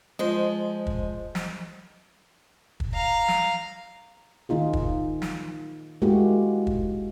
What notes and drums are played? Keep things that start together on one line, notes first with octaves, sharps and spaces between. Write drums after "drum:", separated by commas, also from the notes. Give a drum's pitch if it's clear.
F3 G#3 C5 D#5
drum: kick
drum: snare
drum: kick
F5 A#5
drum: snare
D#3 A#3 D#4 F4 G#4
drum: kick
drum: snare
G#3 A#3 E4 F#4 G4
drum: kick